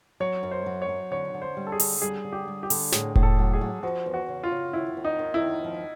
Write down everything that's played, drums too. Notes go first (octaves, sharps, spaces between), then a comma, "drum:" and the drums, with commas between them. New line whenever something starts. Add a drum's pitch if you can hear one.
F#3 C#5
F#2
C5
F#3
C#5
F#3
D3 C#5
D3
C5
G3
A4
G#4
D3, drum: open hi-hat
G3 G#4
D3
G4
G3
G4
D3, drum: open hi-hat
A2 G#4, drum: snare
A2, drum: kick E1
A4
F#3
G#4
F#3
F3 F#4
E2
F#4
C#3
F4
C#3
D#2 E4
D#2
D#4
D#3
E4
D#2
F3